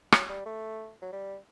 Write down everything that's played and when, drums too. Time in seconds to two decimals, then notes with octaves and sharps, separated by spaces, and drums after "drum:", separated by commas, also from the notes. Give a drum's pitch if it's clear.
0.12 F#3, drum: rim click
0.29 G3
0.45 A3
1.02 F#3
1.12 G3